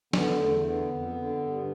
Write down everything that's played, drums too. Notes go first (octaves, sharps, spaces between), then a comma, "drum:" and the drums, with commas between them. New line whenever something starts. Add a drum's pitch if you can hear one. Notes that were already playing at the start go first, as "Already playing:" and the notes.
D3 B3, drum: snare
E2 A3
D3 B3
F2
D3
G2